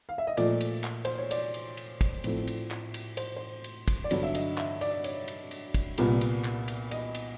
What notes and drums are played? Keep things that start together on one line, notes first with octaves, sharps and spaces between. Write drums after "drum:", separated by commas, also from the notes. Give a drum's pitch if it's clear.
F5
E5
D#5
A#2 F3 A3 D5, drum: cymbal
drum: cymbal
drum: clap
C5, drum: cymbal
C#5
D5, drum: cymbal
drum: cymbal
drum: cymbal
drum: kick, cymbal
A2 F3 A3 C4, drum: cymbal
drum: cymbal
drum: clap
drum: cymbal
C5, drum: cymbal
C5
drum: cymbal
drum: kick, cymbal
D5
G2 D3 F#3 C#5, drum: cymbal
E5
D#5, drum: cymbal
E5, drum: clap
D5, drum: cymbal
C#5, drum: cymbal
drum: cymbal
drum: cymbal
drum: kick, cymbal
C2 A#2 G3 B3, drum: cymbal
drum: cymbal
drum: clap
drum: cymbal
D#5, drum: cymbal
drum: cymbal